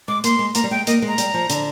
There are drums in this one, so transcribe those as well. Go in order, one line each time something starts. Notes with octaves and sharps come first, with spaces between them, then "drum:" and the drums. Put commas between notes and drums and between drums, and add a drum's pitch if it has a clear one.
G#3 D6
A#3 C6, drum: hi-hat
G#3
A#3 A#5, drum: hi-hat
G3
G#3 G5
A#3 D#5, drum: hi-hat
G#3
A#5
G3, drum: hi-hat
F3
D3, drum: hi-hat